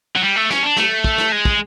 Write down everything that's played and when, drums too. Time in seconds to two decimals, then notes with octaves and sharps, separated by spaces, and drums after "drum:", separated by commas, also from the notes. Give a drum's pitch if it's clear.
0.16 F#3
0.23 G3
0.36 A3
0.50 C#4, drum: snare
0.63 D4
0.77 A3, drum: snare
1.04 drum: kick
1.18 drum: snare
1.32 G#3
1.45 drum: kick